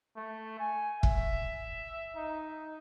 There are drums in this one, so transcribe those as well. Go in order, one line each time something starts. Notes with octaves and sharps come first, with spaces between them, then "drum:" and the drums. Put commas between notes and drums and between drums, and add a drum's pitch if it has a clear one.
A3
G#5
E5, drum: kick
D#4